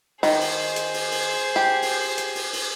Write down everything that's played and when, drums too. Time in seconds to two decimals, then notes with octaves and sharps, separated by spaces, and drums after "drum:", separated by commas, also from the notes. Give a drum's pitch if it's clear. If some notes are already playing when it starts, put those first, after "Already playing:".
0.23 D#3 G#4 C5, drum: open hi-hat
0.41 drum: open hi-hat
0.76 drum: hi-hat
0.94 drum: open hi-hat
1.11 drum: open hi-hat
1.56 G4
1.82 drum: open hi-hat
2.18 drum: hi-hat
2.35 drum: open hi-hat
2.53 drum: open hi-hat